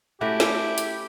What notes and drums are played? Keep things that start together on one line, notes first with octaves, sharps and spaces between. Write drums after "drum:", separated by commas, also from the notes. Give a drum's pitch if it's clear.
A3 C#4 E4 F#4 G4
drum: snare
drum: hi-hat